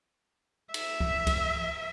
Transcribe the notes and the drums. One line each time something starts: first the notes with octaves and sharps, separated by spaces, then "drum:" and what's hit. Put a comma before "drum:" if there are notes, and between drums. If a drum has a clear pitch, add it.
E5, drum: cymbal
drum: kick C#2
drum: kick C#2, cymbal